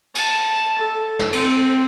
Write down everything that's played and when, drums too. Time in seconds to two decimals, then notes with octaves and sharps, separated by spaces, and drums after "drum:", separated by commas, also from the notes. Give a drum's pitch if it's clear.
0.15 A5, drum: cymbal
0.79 A4
1.19 drum: snare
1.33 C4, drum: cymbal